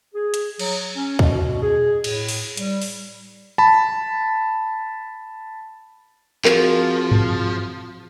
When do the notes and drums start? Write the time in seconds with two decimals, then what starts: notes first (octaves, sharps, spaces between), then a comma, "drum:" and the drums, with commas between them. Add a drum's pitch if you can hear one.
0.15 G#4
0.34 drum: hi-hat
0.59 F#3, drum: cymbal
0.96 C#4
1.19 B2, drum: kick
1.62 G#4
2.04 A2, drum: cymbal
2.28 drum: open hi-hat
2.57 G3, drum: hi-hat
2.82 drum: open hi-hat
3.58 A5 B5
6.45 F3 C4 F#4 G#4 A#4, drum: clap
7.11 drum: tom G2